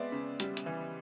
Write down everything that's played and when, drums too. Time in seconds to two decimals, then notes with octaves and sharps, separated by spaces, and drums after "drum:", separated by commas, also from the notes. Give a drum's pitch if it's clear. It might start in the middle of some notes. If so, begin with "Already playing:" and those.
Already playing: G#3 B3 C4 D5 E5
0.12 C#3
0.40 G3, drum: hi-hat
0.57 drum: hi-hat
0.66 E3